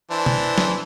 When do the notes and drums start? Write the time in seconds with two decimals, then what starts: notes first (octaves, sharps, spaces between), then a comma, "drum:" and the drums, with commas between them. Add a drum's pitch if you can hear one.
0.11 E3 D4 C5
0.26 drum: tom B2
0.58 drum: snare